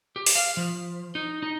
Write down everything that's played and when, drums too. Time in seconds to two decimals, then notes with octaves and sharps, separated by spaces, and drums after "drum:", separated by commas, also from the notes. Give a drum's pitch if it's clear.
0.16 G4
0.26 drum: open hi-hat
0.35 F5
0.57 F3
1.15 D#4
1.43 D#4